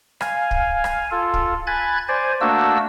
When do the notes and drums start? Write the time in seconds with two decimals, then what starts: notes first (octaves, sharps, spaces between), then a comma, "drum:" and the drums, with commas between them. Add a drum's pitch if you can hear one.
0.21 F5 G#5, drum: rim click
0.51 drum: kick
0.84 drum: rim click
1.11 F4 A4
1.34 drum: kick
1.67 G#5 B5 F#6 G#6 A6
2.08 C5 D5 G#5
2.41 A3 A#3 D4 F#4 E6